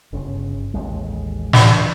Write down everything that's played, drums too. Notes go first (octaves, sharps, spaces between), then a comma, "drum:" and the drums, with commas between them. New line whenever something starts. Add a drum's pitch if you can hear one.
G1 C#3
A1 D#2 G#3
D2 E3 F3 D4, drum: snare